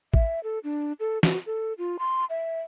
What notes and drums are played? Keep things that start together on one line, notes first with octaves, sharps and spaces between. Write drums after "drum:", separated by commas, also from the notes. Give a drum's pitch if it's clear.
E5, drum: kick A1
A4
D4
A4
F#4, drum: snare
A4
F4
C6
E5